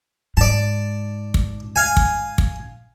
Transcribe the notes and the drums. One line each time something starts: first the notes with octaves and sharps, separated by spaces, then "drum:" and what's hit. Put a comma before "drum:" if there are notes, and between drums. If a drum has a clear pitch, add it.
G#2 D5 A5
drum: kick
F5 G#5
drum: kick
drum: kick